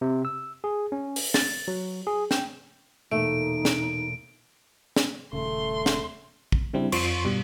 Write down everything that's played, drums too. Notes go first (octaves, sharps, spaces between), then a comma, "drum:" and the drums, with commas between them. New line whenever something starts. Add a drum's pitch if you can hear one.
C3
E6
G#4
C#4
drum: open hi-hat
A6, drum: snare
F#3
G#4
G5, drum: snare
E1 A#2 A3 D#4 E5 D7
drum: snare
drum: snare
D#1 C#3 A3 C6
drum: snare
drum: kick
C#3 G3 C4 D4 E4
F2 F3 C6 C#6, drum: cymbal
G2 B2 G3